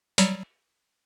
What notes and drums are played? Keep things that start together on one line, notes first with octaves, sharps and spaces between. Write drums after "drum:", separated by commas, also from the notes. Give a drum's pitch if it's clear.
F#3 G3, drum: hi-hat